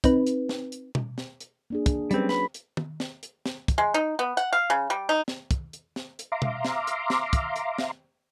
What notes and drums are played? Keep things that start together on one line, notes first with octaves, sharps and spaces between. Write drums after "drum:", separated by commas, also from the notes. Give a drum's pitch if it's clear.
C4 D#4 B4, drum: kick, hi-hat
drum: hi-hat
drum: snare
drum: hi-hat
drum: tom B2
drum: snare
drum: hi-hat
A#3 D4 G#4
drum: kick, hi-hat
F#3 G3 C4 C#4 B4, drum: hi-hat
B4 B5, drum: snare
drum: hi-hat
drum: tom
drum: snare
drum: hi-hat
drum: snare
drum: kick, hi-hat
G#3
D#4
B3
F#5, drum: hi-hat
F5
C#3
G3
D#4
drum: snare
drum: kick, hi-hat
drum: hi-hat
drum: snare
drum: hi-hat
E5 F5 A#5 C6 D6
drum: tom B2
drum: snare
drum: hi-hat
drum: snare
drum: kick, hi-hat
drum: hi-hat
drum: snare